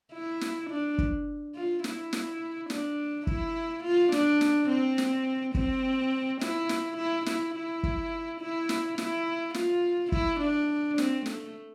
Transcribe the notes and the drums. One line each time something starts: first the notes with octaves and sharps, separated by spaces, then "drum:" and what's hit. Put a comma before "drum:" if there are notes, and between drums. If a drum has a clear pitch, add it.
E4
drum: snare
D4
drum: kick
F4
E4, drum: snare
drum: snare
D4, drum: snare
E4, drum: kick
F4
D4, drum: snare
drum: snare
C4
drum: snare
C4, drum: kick
E4, drum: snare
drum: snare
E4
E4, drum: snare
E4
drum: kick
E4
drum: snare
E4, drum: snare
F4, drum: snare
E4, drum: kick
D4
C4, drum: snare
A3, drum: snare